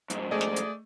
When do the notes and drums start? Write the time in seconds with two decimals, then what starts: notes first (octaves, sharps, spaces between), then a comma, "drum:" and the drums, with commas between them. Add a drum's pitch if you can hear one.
0.10 F2 G#2, drum: hi-hat
0.31 A3 G#4 D5 D#5
0.41 drum: snare
0.56 drum: hi-hat